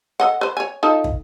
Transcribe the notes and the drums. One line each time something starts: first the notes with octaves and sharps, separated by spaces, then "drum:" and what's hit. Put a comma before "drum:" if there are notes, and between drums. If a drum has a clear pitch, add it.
A4 D#5 F#5
B4 C5
C#5 G#5
D#4 F4 A4
drum: kick